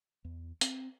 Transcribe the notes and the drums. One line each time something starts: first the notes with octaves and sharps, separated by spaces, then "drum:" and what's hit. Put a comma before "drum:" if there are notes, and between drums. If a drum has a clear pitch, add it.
E2
C4, drum: hi-hat